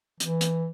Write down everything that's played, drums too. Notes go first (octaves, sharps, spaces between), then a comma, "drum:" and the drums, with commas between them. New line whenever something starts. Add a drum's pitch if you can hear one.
E3, drum: hi-hat
drum: hi-hat